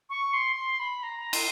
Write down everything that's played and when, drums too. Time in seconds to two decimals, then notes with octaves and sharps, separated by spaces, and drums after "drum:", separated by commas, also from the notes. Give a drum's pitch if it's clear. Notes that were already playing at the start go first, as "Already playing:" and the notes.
0.10 C#6
0.33 C6
0.56 C6
0.79 B5
1.03 A#5
1.33 C6, drum: cymbal